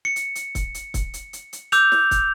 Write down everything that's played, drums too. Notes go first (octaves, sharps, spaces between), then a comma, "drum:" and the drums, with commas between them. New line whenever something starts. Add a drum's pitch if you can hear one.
C#7
drum: hi-hat
drum: hi-hat
drum: kick, hi-hat
drum: hi-hat
drum: kick, hi-hat
drum: hi-hat
drum: hi-hat
drum: hi-hat
D6 E6 G6 F7, drum: hi-hat
drum: snare
drum: kick, hi-hat